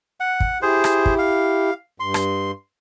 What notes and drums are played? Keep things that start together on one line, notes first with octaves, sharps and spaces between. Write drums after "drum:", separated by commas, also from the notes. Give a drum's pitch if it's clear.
F#5
drum: kick
E4 G4 G#4 C5
drum: rim click
drum: kick
F5
G2 C6
drum: rim click